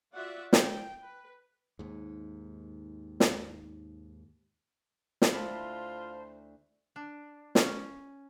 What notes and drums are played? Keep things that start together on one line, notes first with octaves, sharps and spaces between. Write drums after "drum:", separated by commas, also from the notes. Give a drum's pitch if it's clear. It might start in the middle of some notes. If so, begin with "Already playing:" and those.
F4 F#4 D5 E5 F#5
G5, drum: snare
B4
D#2 G#2
drum: snare
drum: snare
D2 E4 F4 C5 A5 B5
D4
C#4, drum: snare